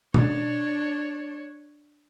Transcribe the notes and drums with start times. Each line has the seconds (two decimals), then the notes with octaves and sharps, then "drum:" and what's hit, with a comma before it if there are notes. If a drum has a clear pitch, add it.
0.14 D4 C#5, drum: tom B2